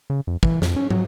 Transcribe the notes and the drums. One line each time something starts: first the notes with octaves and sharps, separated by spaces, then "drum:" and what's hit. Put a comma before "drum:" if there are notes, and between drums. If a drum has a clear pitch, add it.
C#3
F2
E3, drum: kick
F2, drum: snare
C#4
F#3, drum: tom